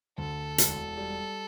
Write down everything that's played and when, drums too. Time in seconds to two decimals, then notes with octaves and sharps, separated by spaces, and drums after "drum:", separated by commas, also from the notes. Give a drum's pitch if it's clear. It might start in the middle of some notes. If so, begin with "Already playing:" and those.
0.18 D2 A4
0.58 E1, drum: hi-hat
0.97 G3